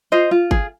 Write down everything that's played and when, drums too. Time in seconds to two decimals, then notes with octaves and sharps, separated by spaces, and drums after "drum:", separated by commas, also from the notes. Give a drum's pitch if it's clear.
0.12 F4 C5 D#5
0.31 F4
0.51 G#4, drum: kick G1